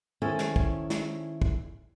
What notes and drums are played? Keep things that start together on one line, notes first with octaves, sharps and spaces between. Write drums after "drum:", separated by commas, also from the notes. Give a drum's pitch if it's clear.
D#3 C#4 E4 A4 C5 G#5
drum: snare
drum: kick
drum: snare
drum: kick